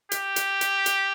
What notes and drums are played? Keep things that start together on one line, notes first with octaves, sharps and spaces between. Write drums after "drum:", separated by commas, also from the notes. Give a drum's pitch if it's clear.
G4, drum: hi-hat
drum: hi-hat
drum: hi-hat
drum: hi-hat